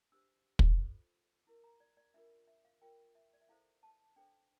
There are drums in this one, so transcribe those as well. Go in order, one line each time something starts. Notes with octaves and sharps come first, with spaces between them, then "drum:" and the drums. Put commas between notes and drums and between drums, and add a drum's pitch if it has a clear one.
D4 G4 C5 E6
drum: kick
F4 A4 C5
E4 A#4
A#5
D5
D5
D4 F4 A#4 E5
E5
F5
F4 A#4 G5
E5
D5
E5
E4 A4 C5 F5
A5
D4 A4 C5 G5